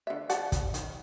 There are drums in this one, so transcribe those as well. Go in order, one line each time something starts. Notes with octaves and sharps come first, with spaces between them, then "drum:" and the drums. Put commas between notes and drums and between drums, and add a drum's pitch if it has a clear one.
D3 E5
D5 F#5 A5, drum: hi-hat
drum: kick, hi-hat
D#3, drum: hi-hat